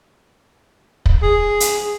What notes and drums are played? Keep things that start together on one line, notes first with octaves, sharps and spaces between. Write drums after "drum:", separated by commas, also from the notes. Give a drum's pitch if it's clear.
drum: kick
G#4
drum: hi-hat